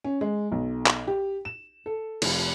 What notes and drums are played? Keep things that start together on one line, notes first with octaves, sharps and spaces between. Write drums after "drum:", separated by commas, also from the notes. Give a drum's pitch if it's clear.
C#4
G#3
B1
drum: clap
G4
E7
A4
F1, drum: cymbal